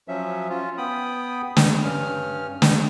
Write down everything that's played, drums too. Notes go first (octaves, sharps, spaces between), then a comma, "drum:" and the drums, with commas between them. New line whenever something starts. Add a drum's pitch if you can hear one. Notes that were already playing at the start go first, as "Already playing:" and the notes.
F3 F#3 C#4 E5
C#4 F4
B3 G5 B5 D#6
drum: snare
G2 C#4 F6
drum: snare